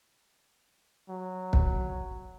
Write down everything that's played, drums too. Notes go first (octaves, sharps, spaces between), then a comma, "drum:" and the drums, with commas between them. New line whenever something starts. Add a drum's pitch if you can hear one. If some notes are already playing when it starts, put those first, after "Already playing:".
F#3
drum: kick